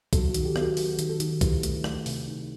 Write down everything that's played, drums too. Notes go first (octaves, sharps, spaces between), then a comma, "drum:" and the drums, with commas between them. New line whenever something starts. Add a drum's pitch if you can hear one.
F#3 F#4 A4, drum: kick B1, hi-hat
F#4
D#3, drum: hi-hat
G4
B3, drum: rim click
F#4 A4
D#3 F#4 A4, drum: open hi-hat
D#3, drum: hi-hat
F#4 A4
D#3, drum: hi-hat
E4 G4 B4, drum: kick B1, hi-hat
A3, drum: hi-hat
A3, drum: rim click
C3, drum: open hi-hat
D#4